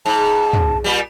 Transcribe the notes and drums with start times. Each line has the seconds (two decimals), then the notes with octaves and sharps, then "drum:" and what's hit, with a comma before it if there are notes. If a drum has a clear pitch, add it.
0.06 G#2 A5
0.53 drum: tom
0.84 A#2 G3